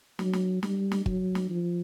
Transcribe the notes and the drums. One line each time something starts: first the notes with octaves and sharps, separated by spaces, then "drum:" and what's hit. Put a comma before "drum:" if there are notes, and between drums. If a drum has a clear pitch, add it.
F#3, drum: snare
drum: snare
G3, drum: snare
drum: snare
F#3, drum: kick
drum: snare
F3